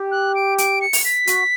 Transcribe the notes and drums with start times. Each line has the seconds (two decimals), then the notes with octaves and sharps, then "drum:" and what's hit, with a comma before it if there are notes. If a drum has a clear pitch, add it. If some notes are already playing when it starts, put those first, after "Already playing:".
Already playing: G4
0.11 F#6
0.35 D7
0.58 D7, drum: hi-hat
0.81 C#7
0.93 drum: open hi-hat
1.05 B6
1.27 F#4, drum: hi-hat